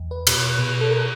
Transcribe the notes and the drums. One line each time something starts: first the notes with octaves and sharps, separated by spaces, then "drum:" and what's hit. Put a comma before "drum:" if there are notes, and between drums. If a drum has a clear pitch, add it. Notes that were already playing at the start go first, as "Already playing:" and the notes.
Already playing: E2
B4
B2, drum: cymbal
B2
A4
A#4